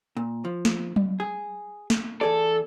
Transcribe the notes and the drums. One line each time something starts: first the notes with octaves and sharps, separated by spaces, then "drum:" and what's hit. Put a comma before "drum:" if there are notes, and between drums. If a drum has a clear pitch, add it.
A#2
F3
drum: snare
drum: tom F#3
G#4
drum: snare
E2 G#4 A4 D5